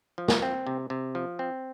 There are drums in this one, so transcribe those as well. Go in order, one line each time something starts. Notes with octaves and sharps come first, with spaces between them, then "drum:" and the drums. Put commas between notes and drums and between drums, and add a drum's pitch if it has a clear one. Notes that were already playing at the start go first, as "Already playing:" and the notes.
F3
drum: snare
C4
C3
C3
F3
C4